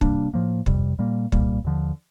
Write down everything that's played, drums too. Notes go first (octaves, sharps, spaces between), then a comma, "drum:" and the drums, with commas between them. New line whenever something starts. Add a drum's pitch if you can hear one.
C3 G3 A#3 D4, drum: kick
A2 F3 A#3
F2 C3 G3, drum: kick
A#2 G3 A#3
C2 A#2 G3 A#3, drum: kick
D#2 D3 F3